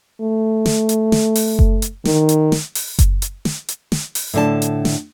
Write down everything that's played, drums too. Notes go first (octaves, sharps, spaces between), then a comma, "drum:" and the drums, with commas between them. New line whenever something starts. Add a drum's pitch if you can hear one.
A3
drum: snare
drum: hi-hat
drum: snare
drum: open hi-hat
drum: kick F#1
drum: hi-hat
D#3, drum: snare
drum: hi-hat
drum: snare
drum: open hi-hat
drum: kick F#1, hi-hat
drum: hi-hat
drum: snare
drum: hi-hat
drum: snare
drum: open hi-hat
A2 D3 A5
drum: hi-hat
drum: snare